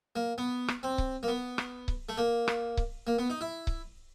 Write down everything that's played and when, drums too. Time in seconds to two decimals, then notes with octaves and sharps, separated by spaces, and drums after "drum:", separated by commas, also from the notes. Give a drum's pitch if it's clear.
0.16 A#3
0.38 B3
0.68 drum: rim click
0.83 C4
0.98 drum: kick C#1
1.23 A#3
1.28 B3
1.58 drum: rim click
1.88 drum: kick C#1
2.09 A3
2.18 A#3
2.48 drum: rim click
2.77 drum: kick C#1
3.07 A#3
3.18 B3
3.30 D#4
3.41 E4
3.67 drum: kick C#1